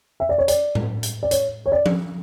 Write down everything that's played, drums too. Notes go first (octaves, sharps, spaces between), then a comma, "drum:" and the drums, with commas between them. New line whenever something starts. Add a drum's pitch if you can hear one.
E5
D5
C#5
D5, drum: hi-hat
drum: tom A2
drum: hi-hat
D5
C#5, drum: hi-hat
C#5
D5
drum: tom F3